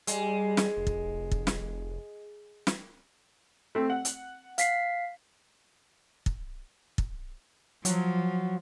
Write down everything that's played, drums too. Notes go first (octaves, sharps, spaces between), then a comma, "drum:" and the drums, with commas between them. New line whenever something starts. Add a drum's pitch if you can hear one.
G3 G#3, drum: hi-hat
drum: snare
F1
drum: kick
drum: kick
drum: snare
drum: snare
A3 C4
F#5
drum: hi-hat
F5 B6 C7, drum: hi-hat
drum: kick
drum: kick
F3 F#3, drum: hi-hat